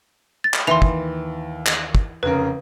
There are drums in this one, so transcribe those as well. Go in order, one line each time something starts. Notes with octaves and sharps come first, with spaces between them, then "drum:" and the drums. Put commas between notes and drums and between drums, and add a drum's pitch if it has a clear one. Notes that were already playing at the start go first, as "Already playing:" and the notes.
A6
drum: clap
D#2 E3 C6 F7
drum: kick
drum: clap
drum: kick
F1 C#3 A#4 B4